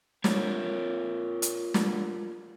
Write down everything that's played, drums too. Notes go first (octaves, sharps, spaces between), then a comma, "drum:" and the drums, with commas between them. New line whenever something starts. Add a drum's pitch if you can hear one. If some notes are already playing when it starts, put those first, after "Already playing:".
F4 A#4 C#5, drum: snare
drum: hi-hat
drum: snare